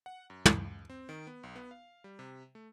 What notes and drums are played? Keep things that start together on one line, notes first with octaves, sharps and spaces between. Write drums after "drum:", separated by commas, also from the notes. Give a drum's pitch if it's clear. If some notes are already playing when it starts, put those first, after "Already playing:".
F#5
F#2
C#2, drum: tom
C4
D#3
B3
B1
B3
F5
G3
C3
A3